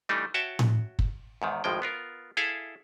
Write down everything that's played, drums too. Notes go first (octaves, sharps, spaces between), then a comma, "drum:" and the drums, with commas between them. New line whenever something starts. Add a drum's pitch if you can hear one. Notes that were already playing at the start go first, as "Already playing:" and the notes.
E3 G3 A3 D4 D#4
F#4 C#5 E5 G5 A5
drum: tom A2
drum: kick
E2 G#2 D#3
G#1 F2 A2 F3 G#3 G5
B3 F4 A#4
E4 G#4 A4 E5 F5